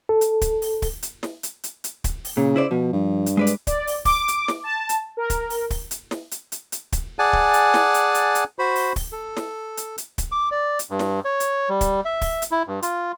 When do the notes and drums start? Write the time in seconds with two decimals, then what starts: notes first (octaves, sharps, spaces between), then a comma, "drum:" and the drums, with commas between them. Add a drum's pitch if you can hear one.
0.09 A4
0.21 drum: hi-hat
0.41 drum: kick, hi-hat
0.62 drum: open hi-hat
0.82 drum: kick, open hi-hat
1.03 drum: hi-hat
1.23 drum: snare
1.43 drum: hi-hat
1.64 drum: hi-hat
1.84 drum: hi-hat
2.04 drum: kick, hi-hat
2.25 drum: open hi-hat
2.37 A#2 C#3
2.56 E4 C5 D5
2.71 B2 F3
2.93 G2
3.26 drum: hi-hat
3.37 G#3 B4 D5
3.47 drum: hi-hat
3.67 D5, drum: kick, hi-hat
3.87 drum: open hi-hat
4.05 D6, drum: kick, open hi-hat
4.28 drum: hi-hat
4.48 drum: snare
4.64 A5
4.89 drum: hi-hat
5.17 A#4
5.30 drum: kick, hi-hat
5.50 drum: open hi-hat
5.70 drum: kick, open hi-hat
5.91 drum: hi-hat
6.11 drum: snare
6.31 drum: hi-hat
6.52 drum: hi-hat
6.72 drum: hi-hat
6.92 drum: kick, hi-hat
7.19 G#4 D5 F#5 G#5 A5
7.33 drum: kick
7.54 drum: hi-hat
7.74 drum: snare
7.94 drum: hi-hat
8.15 drum: hi-hat
8.35 drum: hi-hat
8.59 F#4 C5 B5
8.76 drum: open hi-hat
8.96 drum: kick, open hi-hat
9.12 A4
9.37 drum: snare
9.77 drum: hi-hat
9.98 drum: hi-hat
10.18 drum: kick, hi-hat
10.32 D6
10.51 D5
10.79 drum: hi-hat
10.90 G2
10.99 drum: snare
11.25 C#5
11.40 drum: hi-hat
11.69 G3
11.81 drum: kick, hi-hat
12.05 E5
12.21 drum: kick, open hi-hat
12.42 drum: hi-hat
12.51 E4
12.67 G2
12.82 F4, drum: hi-hat